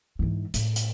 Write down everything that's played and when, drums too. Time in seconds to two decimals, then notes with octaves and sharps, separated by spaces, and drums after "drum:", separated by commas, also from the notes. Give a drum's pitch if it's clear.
0.19 G#2 E3
0.54 A2, drum: hi-hat
0.76 drum: hi-hat